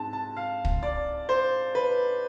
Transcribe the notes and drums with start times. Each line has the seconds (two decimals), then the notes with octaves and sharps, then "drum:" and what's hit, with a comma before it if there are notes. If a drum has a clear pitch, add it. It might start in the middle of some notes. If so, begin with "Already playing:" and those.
Already playing: G#2 G#3 C4 A5
0.13 A5
0.37 F5
0.65 drum: kick
0.83 D5
1.29 C5
1.75 B4